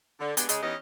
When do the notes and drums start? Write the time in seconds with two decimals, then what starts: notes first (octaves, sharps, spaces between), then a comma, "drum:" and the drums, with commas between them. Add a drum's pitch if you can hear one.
0.20 D3
0.37 G#3 B3 D4 G4 G#4, drum: hi-hat
0.49 C#3 G#3, drum: hi-hat
0.63 E3 B3 C#4 D#4 G4 D#5